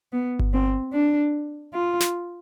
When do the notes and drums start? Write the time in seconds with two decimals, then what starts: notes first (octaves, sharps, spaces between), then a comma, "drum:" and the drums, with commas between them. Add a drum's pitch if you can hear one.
0.13 B3
0.39 drum: kick G1
0.53 C4
0.93 D4
1.74 F4
2.00 drum: snare